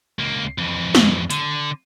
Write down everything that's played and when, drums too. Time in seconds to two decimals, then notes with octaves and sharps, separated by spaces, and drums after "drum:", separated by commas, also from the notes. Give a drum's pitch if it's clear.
0.19 C#2 A#3
0.58 F2 E3
0.95 drum: snare
1.30 D3, drum: hi-hat